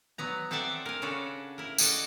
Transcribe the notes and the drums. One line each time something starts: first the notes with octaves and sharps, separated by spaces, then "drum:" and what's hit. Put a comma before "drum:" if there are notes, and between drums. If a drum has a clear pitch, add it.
F#3 B3 A#5
C4 A4 D5 E5 F#5 A5
A#4 G#5
C#3 C#4 D4 F#4 A4
E4 A#4
F#4 A4 D5 D#5 F#5 G#5, drum: tambourine